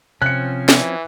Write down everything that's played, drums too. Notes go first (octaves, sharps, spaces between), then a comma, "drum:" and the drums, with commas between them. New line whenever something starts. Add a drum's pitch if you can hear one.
C3 F3 C4 C#4 F#6 C#7
E3, drum: snare